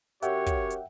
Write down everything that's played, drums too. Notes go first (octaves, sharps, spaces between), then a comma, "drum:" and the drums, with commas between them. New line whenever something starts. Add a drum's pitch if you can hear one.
F#2 G4 C#5 E5 F#5 G5, drum: hi-hat
drum: kick, hi-hat
drum: hi-hat